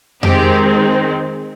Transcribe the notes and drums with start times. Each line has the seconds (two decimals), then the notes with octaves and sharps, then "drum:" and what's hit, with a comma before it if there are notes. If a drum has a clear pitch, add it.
0.23 D#3 G#3 C4 G4, drum: tom F2